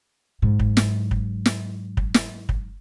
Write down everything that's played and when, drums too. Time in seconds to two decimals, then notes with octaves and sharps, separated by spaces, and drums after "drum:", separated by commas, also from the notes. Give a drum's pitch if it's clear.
0.42 G#2 F#3
0.59 drum: kick
0.77 drum: snare
1.11 drum: kick
1.46 drum: snare
1.97 drum: kick
2.14 drum: snare
2.49 drum: kick